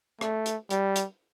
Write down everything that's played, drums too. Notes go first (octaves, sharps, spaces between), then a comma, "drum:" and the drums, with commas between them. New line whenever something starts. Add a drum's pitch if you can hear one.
A3, drum: rim click
drum: hi-hat
G3, drum: hi-hat
drum: hi-hat